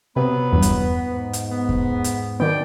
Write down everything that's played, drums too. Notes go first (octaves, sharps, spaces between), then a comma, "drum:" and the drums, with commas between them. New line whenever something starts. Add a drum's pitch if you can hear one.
C3 F#3 B3 F#4 B4
E2 G2
drum: kick E2, hi-hat
G#2
drum: hi-hat
B3
drum: kick E2
drum: hi-hat
B2 D#3 B3 D5 G5